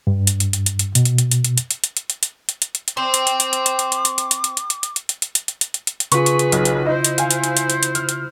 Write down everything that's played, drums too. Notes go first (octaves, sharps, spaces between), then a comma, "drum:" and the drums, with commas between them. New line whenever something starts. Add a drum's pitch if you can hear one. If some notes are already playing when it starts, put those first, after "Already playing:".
G2
drum: hi-hat
drum: hi-hat
drum: hi-hat
drum: hi-hat
drum: hi-hat
B2, drum: hi-hat
drum: hi-hat
drum: hi-hat
drum: hi-hat
drum: hi-hat
drum: hi-hat
drum: hi-hat
drum: hi-hat
drum: hi-hat
drum: hi-hat
drum: hi-hat
drum: hi-hat
drum: hi-hat
drum: hi-hat
drum: hi-hat
C4 G5 C6 D6
drum: hi-hat
drum: hi-hat
drum: hi-hat
drum: hi-hat
drum: hi-hat
drum: hi-hat
drum: hi-hat
drum: hi-hat
drum: hi-hat
drum: hi-hat
drum: hi-hat
drum: hi-hat
drum: hi-hat
drum: hi-hat
drum: hi-hat
drum: hi-hat
drum: hi-hat
drum: hi-hat
drum: hi-hat
drum: hi-hat
drum: hi-hat
drum: hi-hat
drum: hi-hat
C#3 F4 G#4 B4 C#6, drum: hi-hat
drum: hi-hat
drum: hi-hat
B1, drum: hi-hat
drum: hi-hat
E4 C5 D#5
drum: hi-hat
F5 G#5, drum: hi-hat
drum: hi-hat
drum: hi-hat
drum: hi-hat
drum: hi-hat
drum: hi-hat
F6, drum: hi-hat
drum: hi-hat